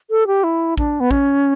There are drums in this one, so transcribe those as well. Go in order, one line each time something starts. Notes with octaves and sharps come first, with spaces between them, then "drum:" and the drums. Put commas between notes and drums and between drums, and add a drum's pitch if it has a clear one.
A4
G4
E4
D4, drum: kick
B3
C#4, drum: kick